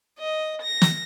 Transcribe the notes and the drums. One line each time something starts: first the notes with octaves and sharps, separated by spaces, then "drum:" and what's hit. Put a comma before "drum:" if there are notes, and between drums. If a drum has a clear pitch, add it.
D#5
A#6
drum: snare